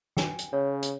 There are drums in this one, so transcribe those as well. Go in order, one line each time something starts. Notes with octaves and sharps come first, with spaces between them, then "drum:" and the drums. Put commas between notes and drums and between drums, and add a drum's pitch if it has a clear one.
G5 G#5, drum: snare
drum: hi-hat
C#3 C#5
drum: hi-hat